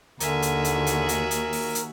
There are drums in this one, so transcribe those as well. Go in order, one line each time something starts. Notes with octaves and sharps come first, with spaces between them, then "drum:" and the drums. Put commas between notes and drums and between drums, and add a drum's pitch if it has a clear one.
D#2 D3 F#4 G#4 A#4 E5, drum: hi-hat
drum: hi-hat
drum: hi-hat
drum: hi-hat
drum: hi-hat
drum: hi-hat
drum: open hi-hat
drum: hi-hat